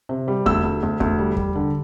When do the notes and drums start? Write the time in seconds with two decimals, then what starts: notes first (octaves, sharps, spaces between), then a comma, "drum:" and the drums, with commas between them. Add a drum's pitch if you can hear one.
0.09 C3
0.28 G3
0.46 D2 E6, drum: kick E2
0.63 D2
0.83 D2
1.00 D2, drum: kick E2
1.19 G3
1.37 G3, drum: kick E2
1.55 D3